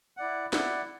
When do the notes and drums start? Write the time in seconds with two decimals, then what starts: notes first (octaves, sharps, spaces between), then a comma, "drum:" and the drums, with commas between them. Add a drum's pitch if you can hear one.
0.17 E4 D5 F#5
0.53 E4 D5 F#5, drum: snare